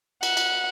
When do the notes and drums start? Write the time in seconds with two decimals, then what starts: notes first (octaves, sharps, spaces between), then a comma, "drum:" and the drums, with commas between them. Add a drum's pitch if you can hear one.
0.23 F#5, drum: cymbal
0.37 drum: cymbal